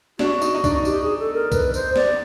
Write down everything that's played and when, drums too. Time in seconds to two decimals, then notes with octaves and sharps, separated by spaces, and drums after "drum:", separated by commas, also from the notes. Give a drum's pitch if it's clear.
0.19 D4 F#4, drum: snare
0.42 D#4, drum: tambourine
0.55 D#4
0.64 D4, drum: kick C2, tambourine
0.85 G4, drum: tambourine
1.02 G#4
1.19 A4
1.34 A#4
1.52 B4, drum: kick C2, tambourine
1.74 C5, drum: tambourine
1.96 D5, drum: snare